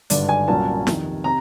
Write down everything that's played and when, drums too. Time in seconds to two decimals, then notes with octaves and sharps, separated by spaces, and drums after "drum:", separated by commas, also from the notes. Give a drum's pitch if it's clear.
0.10 G#1 G2 D3 D5, drum: hi-hat
0.29 G#5
0.48 C2 A#2 F#3 A#3 C#4 A5
0.87 F2 C3 D#3, drum: snare
1.24 C3 A#5